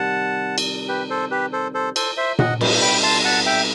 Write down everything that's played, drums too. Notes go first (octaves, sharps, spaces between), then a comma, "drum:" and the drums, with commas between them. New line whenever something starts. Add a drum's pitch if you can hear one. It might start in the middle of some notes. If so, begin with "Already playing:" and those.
Already playing: C3 D#3 G3 F#5 A5
drum: cymbal
G4 B4
A4 C5
G4 B4
A4 C5
A4 C5
A4 C5, drum: cymbal
C5 E5
D#5 F#5, drum: tom A#2
B2 G3 C4 D#4 A4, drum: cymbal
G5 B5
A5 C6
F#5 A5
E5 G5